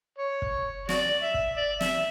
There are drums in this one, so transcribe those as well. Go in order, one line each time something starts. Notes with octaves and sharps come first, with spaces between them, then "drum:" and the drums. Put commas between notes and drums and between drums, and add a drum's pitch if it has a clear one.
C#5
drum: kick
F#4 D5, drum: snare
E5
drum: kick
D5
E5, drum: snare